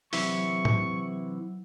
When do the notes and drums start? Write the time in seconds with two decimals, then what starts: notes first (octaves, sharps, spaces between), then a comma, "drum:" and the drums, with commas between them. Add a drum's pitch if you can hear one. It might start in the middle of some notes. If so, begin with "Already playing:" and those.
0.13 C3 E3 F#3 E4 C#6, drum: open hi-hat
0.65 drum: tom